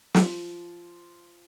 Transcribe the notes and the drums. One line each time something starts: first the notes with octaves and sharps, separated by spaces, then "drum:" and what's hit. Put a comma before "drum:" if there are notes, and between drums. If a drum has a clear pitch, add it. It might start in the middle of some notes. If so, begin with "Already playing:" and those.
F3, drum: snare